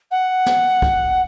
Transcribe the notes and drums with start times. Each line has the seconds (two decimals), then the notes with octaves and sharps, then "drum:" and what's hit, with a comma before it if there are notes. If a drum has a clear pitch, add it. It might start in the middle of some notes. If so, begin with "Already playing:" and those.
0.11 F#5
0.46 drum: snare
0.82 drum: kick